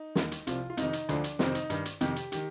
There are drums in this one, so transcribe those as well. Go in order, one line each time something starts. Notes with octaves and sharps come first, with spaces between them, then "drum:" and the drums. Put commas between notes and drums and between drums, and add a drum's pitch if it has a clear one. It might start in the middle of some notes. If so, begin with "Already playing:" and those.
Already playing: D#4
D#2 D#3, drum: snare
drum: hi-hat
C2 C3 F3 F4, drum: hi-hat
F4
F2 C3 D#3 D#4, drum: hi-hat
drum: hi-hat
D2 D3 F3 D4, drum: hi-hat
drum: hi-hat
F2 C3 D#3 C4, drum: snare
D#4, drum: hi-hat
G2 D#3, drum: hi-hat
drum: hi-hat
F2 C3 D#3 G4, drum: hi-hat
drum: hi-hat
D#3 G4, drum: hi-hat